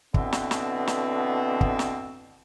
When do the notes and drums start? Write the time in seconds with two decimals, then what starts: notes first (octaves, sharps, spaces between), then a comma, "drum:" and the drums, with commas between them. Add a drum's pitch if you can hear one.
0.14 B2 D3 E3 B3 C4, drum: kick
0.33 drum: snare
0.51 drum: snare
0.87 drum: snare
1.61 drum: kick
1.79 drum: snare